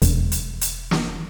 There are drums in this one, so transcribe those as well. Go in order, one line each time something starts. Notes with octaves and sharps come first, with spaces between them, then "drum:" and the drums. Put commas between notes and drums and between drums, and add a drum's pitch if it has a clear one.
E1, drum: hi-hat
drum: hi-hat
drum: hi-hat
drum: snare